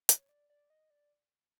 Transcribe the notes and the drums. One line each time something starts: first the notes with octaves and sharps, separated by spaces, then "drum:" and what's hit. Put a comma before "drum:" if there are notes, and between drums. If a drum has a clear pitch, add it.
C#5, drum: hi-hat
D5
D5
D#5
D5